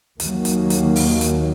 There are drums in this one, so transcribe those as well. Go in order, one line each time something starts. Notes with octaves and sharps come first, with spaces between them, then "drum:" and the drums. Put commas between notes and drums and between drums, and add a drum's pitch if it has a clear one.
D#2 D#3 F#3 A#3, drum: hi-hat
drum: hi-hat
drum: hi-hat
drum: open hi-hat
drum: hi-hat